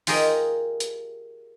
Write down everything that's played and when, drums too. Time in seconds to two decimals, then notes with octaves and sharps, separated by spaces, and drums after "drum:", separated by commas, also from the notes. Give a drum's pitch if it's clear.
0.07 F4 G4 G#4 A#4 D#5, drum: open hi-hat
0.80 drum: hi-hat